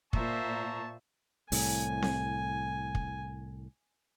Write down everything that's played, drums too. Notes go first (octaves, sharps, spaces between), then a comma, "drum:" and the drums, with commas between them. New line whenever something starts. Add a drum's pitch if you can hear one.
A#2 C5 E5 A5 A#5 C#6, drum: kick
C2 A2 G#5, drum: open hi-hat
drum: snare C4
drum: kick